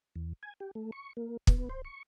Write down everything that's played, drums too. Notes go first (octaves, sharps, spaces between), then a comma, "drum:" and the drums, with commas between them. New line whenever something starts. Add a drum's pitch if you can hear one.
E2
G#5
G4
A3
C#6
A#3
B3, drum: kick
C5
C#6